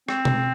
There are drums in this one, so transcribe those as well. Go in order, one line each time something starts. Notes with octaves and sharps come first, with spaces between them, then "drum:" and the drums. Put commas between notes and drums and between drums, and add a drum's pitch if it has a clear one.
C4, drum: rim click
drum: tom B2